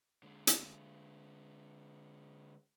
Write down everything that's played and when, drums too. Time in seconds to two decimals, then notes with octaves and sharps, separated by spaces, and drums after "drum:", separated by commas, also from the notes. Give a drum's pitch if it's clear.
0.23 D3 G#3
0.47 drum: hi-hat